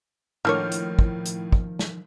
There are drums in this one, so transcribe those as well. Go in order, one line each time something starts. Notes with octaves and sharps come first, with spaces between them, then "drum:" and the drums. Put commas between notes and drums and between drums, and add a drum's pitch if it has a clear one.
A2 D3 D#3 F3 A#3 C#5 F6 G6
drum: hi-hat
drum: kick
drum: hi-hat
drum: kick
drum: snare